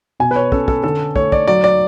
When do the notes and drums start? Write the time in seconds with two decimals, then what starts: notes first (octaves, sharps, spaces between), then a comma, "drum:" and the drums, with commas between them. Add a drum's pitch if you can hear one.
0.20 B2 G#5
0.31 B4
0.36 C#5
0.52 C#4 A4, drum: kick
0.68 A4, drum: kick
0.84 D3 A4
1.16 A3 C#5, drum: kick
1.32 D5, drum: kick
1.48 F#3 D5
1.64 D5